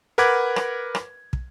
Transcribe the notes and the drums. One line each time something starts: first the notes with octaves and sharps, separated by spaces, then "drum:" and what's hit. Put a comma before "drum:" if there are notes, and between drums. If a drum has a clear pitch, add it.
A#4 B4 F#5 B5 D6 G#6
drum: rim click
drum: rim click
drum: kick